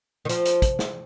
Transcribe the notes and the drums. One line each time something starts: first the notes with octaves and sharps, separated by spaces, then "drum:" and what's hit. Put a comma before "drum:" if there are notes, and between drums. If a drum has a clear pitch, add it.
D#3
F3, drum: hi-hat
drum: hi-hat
drum: kick, hi-hat
drum: snare